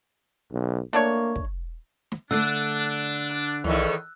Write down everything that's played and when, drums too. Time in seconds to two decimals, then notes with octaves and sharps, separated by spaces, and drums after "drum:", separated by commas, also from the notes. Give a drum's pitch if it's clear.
0.52 B1
0.93 A3 A#3 D4 C#5
1.36 drum: kick
2.12 drum: snare
2.31 D3 A3 D4 E6 F#6
3.29 drum: hi-hat
3.64 E2 A2 D#3, drum: tom